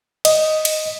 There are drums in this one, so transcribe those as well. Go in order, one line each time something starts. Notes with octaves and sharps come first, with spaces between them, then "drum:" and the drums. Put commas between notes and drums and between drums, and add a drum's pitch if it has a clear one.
D#5, drum: cymbal
drum: cymbal